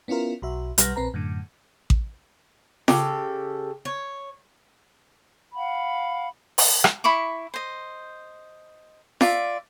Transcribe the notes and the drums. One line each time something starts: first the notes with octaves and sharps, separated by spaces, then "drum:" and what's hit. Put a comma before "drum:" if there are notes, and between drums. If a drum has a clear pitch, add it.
B3 C#4 E4 F4 A#4
B1 F#4 E5
B1 G3 B4 F#5 F6 A#6, drum: hi-hat
A#1 C4 B4 A#5
F#2 A2 D3
drum: kick A1
C#3 G4 A4, drum: snare
C#5
F5 F#5 B5
drum: open hi-hat
drum: rim click
E4 B5 C#6 D6
C5 D#5
F4 D5 E5, drum: snare